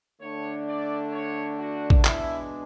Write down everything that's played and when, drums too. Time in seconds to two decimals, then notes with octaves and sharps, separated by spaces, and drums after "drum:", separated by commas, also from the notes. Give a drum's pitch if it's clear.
0.21 D3 A3 D4 C#5
0.68 D5
1.13 C#5
1.59 F#4
1.90 drum: kick
2.05 B2 G#3 D4 E4, drum: clap